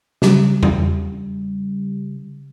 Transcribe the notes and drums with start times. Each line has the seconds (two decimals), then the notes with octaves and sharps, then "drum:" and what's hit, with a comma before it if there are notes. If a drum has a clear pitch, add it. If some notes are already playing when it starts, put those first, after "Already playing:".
0.22 C#3 G3, drum: snare
0.63 drum: tom E2